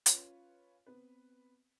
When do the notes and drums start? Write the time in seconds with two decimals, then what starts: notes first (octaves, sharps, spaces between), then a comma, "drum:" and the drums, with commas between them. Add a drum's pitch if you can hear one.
0.06 C#4 F4 B4 C#5 F5, drum: hi-hat
0.87 B3 C4 B4